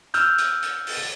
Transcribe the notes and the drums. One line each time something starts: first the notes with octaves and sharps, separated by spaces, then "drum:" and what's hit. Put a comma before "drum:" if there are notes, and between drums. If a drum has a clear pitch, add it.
E6 F6 G6, drum: hi-hat
drum: hi-hat
drum: hi-hat
drum: open hi-hat